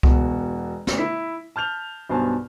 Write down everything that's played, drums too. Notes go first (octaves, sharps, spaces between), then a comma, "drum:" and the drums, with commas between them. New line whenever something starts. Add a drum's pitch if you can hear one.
E1 B2 F#4, drum: kick C2
drum: snare
E4 B6
A5 F6 G6 F7
B1 G2 B2 C5 G#5 A5